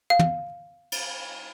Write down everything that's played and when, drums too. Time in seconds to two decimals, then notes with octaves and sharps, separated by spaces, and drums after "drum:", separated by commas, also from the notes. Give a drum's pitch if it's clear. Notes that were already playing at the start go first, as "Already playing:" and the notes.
0.10 F5
0.19 drum: tom
0.92 drum: cymbal